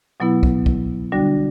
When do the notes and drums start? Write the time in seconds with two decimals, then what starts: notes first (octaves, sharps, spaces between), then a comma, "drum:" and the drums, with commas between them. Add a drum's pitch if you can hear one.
0.20 B2 F#3 B3 E4
0.43 drum: kick
0.66 drum: kick
1.12 D3 G3 D4 F#4